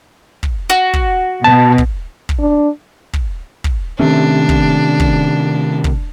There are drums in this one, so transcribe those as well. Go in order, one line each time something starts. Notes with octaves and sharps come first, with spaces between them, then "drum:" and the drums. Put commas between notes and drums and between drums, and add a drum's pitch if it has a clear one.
drum: kick
F#4
drum: kick
B2 A5
drum: kick
drum: kick
D4
drum: kick
drum: kick
C3 D#3 A3 C#4 D4
drum: kick
drum: kick
drum: kick